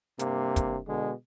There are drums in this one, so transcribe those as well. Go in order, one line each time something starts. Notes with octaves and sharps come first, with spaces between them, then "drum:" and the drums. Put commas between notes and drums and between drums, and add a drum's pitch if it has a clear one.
G2 C3 A#3, drum: hi-hat
drum: kick, hi-hat
B2 D3 G#3